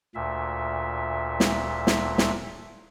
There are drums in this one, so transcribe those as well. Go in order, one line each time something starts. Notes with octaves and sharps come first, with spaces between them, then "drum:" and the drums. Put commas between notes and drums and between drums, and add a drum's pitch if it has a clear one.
D2 A#2 E5
drum: snare
drum: snare
drum: snare